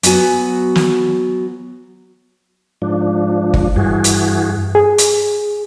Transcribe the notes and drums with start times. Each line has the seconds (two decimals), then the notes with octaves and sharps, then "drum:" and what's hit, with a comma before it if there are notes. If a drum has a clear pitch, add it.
0.03 F#3 B3 F#4 G#5, drum: hi-hat
0.75 drum: snare
2.82 G#2 F3 D4
3.54 drum: kick G1
3.76 G2 E3 F#4 G#4
4.04 drum: hi-hat
4.75 G#4
4.98 drum: hi-hat